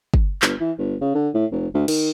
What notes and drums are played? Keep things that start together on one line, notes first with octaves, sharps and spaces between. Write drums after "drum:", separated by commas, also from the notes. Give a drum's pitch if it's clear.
drum: kick
G1, drum: clap
E3
G1
C#3
D3
A2
F1
D2
D#3, drum: cymbal